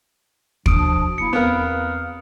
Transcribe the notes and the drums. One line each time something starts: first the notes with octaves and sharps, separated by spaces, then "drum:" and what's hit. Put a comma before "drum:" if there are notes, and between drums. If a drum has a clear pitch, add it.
B2 F3 D4 D#6 D7, drum: kick
A#3 E4 C#7
E2 B3 C4 A#4 F5